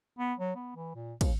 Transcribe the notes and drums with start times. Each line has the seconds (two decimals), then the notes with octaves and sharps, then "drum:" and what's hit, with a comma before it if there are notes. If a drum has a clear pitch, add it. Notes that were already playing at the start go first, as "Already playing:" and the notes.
0.19 B3
0.39 F#3
0.55 B3
0.76 E3
0.95 A#2
1.21 D#2, drum: kick, cymbal